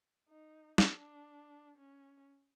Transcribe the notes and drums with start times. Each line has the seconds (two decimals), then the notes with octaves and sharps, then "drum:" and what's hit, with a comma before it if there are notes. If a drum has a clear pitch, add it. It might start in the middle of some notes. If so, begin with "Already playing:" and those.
0.29 D#4
0.78 D4, drum: snare
1.77 C#4